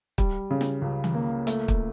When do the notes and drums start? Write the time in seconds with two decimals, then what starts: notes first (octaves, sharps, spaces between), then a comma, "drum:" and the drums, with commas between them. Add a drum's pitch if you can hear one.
0.18 G3, drum: kick
0.50 C#3
0.61 drum: snare
0.82 C#2
1.04 drum: tom D#3
1.14 A#3
1.47 A3, drum: hi-hat
1.68 drum: kick